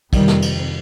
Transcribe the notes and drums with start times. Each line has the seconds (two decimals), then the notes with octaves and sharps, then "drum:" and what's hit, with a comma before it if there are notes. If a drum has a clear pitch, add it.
0.13 F2 C3 D#3 G3, drum: kick, cymbal
0.28 drum: snare
0.42 drum: cymbal